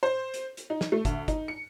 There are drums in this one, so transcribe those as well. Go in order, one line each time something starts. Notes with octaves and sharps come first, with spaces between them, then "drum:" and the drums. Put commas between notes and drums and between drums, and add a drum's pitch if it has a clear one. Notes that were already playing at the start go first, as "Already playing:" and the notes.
C5
drum: hi-hat
drum: hi-hat
D#4
drum: snare
A3
D2, drum: kick, hi-hat
D#4, drum: kick, hi-hat
C#7